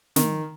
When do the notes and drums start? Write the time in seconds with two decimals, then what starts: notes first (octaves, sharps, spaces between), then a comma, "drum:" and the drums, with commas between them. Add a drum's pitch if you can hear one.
0.16 D#3, drum: snare